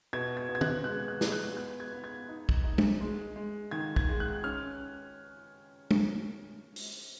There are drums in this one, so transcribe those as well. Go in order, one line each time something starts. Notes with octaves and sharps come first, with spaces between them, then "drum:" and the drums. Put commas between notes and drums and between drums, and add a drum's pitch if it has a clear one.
B2 G#6
G#6
B2
G#6
F#6, drum: tom
G#3 F#6
F#6
G#3, drum: snare
F#6
B3 F#6
G#6
B3
G#6
D#4
drum: kick
D#4
drum: tom
G#3
G#3
D#3 G#6
G#6, drum: kick
G#3
F#6
C#4 F6
drum: tom
drum: open hi-hat